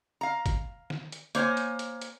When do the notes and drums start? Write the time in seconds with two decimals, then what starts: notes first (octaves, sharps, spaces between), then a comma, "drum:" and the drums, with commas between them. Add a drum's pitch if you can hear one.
0.21 F5 A#5
0.46 drum: kick, hi-hat
0.90 drum: snare D#3
1.12 drum: hi-hat
1.35 A#3 C5 C#5 G#5, drum: hi-hat
1.57 drum: hi-hat
1.79 drum: hi-hat
2.02 drum: hi-hat